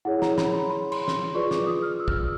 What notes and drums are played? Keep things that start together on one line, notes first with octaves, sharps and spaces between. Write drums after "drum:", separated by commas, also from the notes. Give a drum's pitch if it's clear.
E4 G#4 C#5 F#5
A#5, drum: snare
B5, drum: snare
C6
B5
C6, drum: cymbal
drum: snare
F4 G#4 B4 D5 C#6
D6, drum: snare
D#6
F6
E6
F6, drum: kick
E6